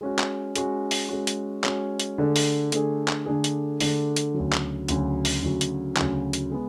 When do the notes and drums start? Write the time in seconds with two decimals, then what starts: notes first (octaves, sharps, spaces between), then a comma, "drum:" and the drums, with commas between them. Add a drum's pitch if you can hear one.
0.01 G#3 C#4 F#4
0.19 drum: clap
0.56 G#3 C#4 F#4, drum: hi-hat
0.91 drum: open hi-hat
1.09 G#3 C#4 F#4
1.27 drum: hi-hat
1.64 G#3 C#4 F#4, drum: clap
2.00 drum: hi-hat
2.18 D3 A3 D4 G#4
2.36 drum: open hi-hat
2.72 D3 A3 D4 G#4, drum: hi-hat
3.08 drum: clap
3.26 D3 A3 D4 G#4
3.44 drum: hi-hat
3.80 D3 A3 D4 G#4, drum: open hi-hat
4.16 drum: hi-hat
4.34 D2 C#3 F#3
4.53 drum: clap
4.88 D2 C#3 F#3, drum: hi-hat
5.25 drum: open hi-hat
5.42 D2 C#3 F#3
5.61 drum: hi-hat
5.97 D2 C#3 F#3, drum: clap
6.33 drum: hi-hat
6.51 G#3 B3